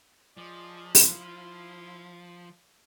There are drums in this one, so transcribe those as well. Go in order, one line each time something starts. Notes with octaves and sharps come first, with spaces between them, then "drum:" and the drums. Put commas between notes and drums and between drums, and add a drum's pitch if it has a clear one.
F3 G#4 D5 D#5
E4 F5 C6, drum: open hi-hat